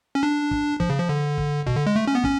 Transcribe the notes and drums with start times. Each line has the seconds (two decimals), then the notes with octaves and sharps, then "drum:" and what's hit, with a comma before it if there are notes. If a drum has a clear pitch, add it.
0.15 C#4
0.23 D4
0.51 drum: kick
0.80 F3, drum: kick
0.90 C#3
1.00 F3
1.09 D3
1.38 drum: kick
1.67 B2, drum: kick
1.76 D3
1.86 G#3
1.96 A3
2.07 C#4
2.15 B3
2.24 C#4, drum: kick